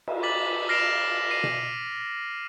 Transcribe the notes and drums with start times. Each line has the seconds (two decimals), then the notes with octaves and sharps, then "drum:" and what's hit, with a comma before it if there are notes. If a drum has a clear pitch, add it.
0.08 drum: cymbal
0.23 D6 A6 B6 F#7
0.69 F6 A#6 C7 D7 E7 F7
1.31 C7 D#7
1.44 drum: tom B2